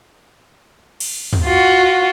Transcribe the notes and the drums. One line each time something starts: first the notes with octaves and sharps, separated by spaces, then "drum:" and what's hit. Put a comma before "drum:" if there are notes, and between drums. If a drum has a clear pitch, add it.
drum: cymbal
drum: tom
F4 F#4